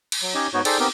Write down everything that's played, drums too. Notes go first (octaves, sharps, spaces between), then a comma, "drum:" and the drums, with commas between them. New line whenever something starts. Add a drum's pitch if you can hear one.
drum: cymbal
F#3
C#4 D#4 G4 C#5 D#5
G#2 B3 D#4 F#4 C#5
D#4 G#4 A4 C5 D5 G5, drum: cymbal
B3 C4 D#4 G4 A#4